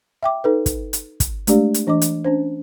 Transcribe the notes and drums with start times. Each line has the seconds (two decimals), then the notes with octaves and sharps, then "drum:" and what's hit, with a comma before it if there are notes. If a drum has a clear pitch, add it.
0.23 E5 G5 D6
0.44 D#4 A4 B4
0.66 drum: kick, hi-hat
0.93 drum: hi-hat
1.20 drum: kick, hi-hat
1.47 G#3 A3 D4 G4 D5 F5, drum: hi-hat
1.74 drum: hi-hat
1.87 E3 D4 D#5 D6
2.02 drum: hi-hat
2.24 C#4 D4 C5